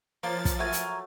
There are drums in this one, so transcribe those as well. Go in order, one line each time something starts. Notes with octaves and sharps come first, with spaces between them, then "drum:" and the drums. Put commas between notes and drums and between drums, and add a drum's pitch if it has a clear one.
F3 A#3 C5 C#5 A#5 A6
drum: kick, hi-hat
F#3 A3 A#4 E5 G#5
drum: hi-hat